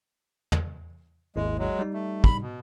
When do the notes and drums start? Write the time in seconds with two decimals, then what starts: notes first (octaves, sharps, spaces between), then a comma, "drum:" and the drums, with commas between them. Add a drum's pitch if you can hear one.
0.52 drum: tom
1.36 G#1 D#2 G#3 E4
1.59 F#3 G#3
1.79 G3 D#4
1.94 A3
2.24 B5, drum: kick
2.42 B2